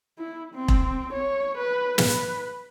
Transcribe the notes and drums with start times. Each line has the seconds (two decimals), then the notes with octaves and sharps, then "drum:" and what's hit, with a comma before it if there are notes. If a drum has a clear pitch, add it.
0.18 E4
0.54 C4
0.68 drum: kick E1
1.13 C#5
1.57 B4
1.98 B4, drum: snare